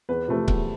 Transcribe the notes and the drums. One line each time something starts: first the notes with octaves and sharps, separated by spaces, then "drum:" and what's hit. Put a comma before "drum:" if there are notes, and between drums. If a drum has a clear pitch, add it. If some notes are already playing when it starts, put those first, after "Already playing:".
E2 B4
C3 F3 A3 C4
E2, drum: kick C#1